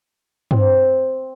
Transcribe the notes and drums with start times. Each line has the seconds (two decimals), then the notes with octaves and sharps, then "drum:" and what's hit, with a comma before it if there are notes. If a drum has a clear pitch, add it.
0.51 C4, drum: tom G2